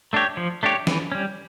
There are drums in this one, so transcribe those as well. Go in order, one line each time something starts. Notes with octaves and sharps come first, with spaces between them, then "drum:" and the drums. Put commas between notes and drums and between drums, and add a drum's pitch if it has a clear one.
A3 D4 G4 C#5
F3
A3 D4 G4 C#5
E3, drum: snare
G3 C#4